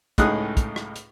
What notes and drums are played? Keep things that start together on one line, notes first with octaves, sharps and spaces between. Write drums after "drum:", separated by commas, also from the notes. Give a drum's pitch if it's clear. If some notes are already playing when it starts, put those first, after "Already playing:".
C#2 A2 D#4 G#4 D#6 F#6, drum: kick, hi-hat
drum: kick, hi-hat
drum: rim click
drum: hi-hat